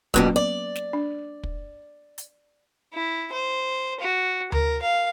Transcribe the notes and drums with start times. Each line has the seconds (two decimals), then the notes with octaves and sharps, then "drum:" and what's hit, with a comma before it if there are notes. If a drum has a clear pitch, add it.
0.14 F2 B2 F#3 G3 A#3 C#4, drum: kick
0.36 D5
0.75 drum: snare
0.93 D4
1.43 drum: kick
2.18 drum: hi-hat
2.94 E4
3.33 C5
4.00 F#4
4.52 A#4, drum: tom D2
4.82 F5